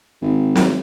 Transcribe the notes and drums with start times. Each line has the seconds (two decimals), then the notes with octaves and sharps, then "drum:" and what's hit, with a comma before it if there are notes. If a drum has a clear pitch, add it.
0.21 G#1
0.55 drum: snare